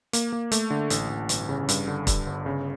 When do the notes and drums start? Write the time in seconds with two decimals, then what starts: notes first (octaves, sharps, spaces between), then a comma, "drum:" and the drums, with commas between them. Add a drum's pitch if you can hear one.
0.13 A#3, drum: hi-hat
0.33 A#3
0.52 A3, drum: hi-hat
0.70 D3
0.90 A1, drum: hi-hat
1.10 A1
1.29 G1, drum: hi-hat
1.49 C#3
1.69 G2, drum: hi-hat
1.88 D3
2.07 G2, drum: kick, hi-hat
2.27 G1
2.46 C#3